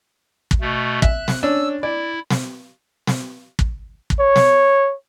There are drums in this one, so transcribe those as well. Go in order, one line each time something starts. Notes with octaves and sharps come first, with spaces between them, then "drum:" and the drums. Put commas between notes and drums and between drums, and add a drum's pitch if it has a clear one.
drum: kick
B2 A3
E5 F#6, drum: kick
drum: snare
C#4 D4 E6
E4 D5
drum: snare
drum: snare
drum: kick
drum: kick
C#5
drum: snare